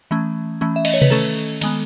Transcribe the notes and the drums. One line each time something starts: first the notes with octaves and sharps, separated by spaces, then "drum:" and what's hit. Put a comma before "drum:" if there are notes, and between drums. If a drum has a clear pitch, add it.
E3 A3 C#4
E3 A3 C#4
E5
D#5, drum: cymbal
C#5
B4, drum: tom C3
D#3 A3 C#4 A4
D#3 G#3 B3, drum: cymbal